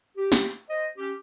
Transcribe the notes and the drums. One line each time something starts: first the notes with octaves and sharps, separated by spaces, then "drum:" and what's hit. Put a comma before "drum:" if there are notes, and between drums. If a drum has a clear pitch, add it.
G4
drum: snare
drum: hi-hat
C5 D#5
C#4 G4